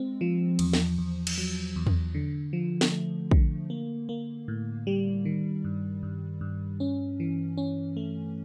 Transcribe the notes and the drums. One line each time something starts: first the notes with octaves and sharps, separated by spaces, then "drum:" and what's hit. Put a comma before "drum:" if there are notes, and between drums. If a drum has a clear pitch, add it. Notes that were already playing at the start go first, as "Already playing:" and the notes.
Already playing: G#3 C4
F3
E2, drum: cymbal
drum: snare
E2
drum: cymbal
F#3
E2
drum: tom E2
D3
F3
drum: snare
A3
D3, drum: kick
A#3
A#3
A2
G3
D#3
G2
G2
G2
C#4
E3
C#4
A3